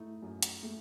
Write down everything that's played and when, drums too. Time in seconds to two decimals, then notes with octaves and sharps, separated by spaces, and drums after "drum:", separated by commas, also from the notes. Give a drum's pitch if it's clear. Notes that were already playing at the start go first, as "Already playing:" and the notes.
Already playing: A3 D#4 E4
0.22 F#2
0.43 drum: hi-hat
0.63 A3